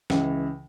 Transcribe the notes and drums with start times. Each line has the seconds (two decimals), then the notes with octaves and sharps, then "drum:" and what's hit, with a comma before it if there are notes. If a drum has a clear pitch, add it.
0.10 C#2 C#3 E3, drum: snare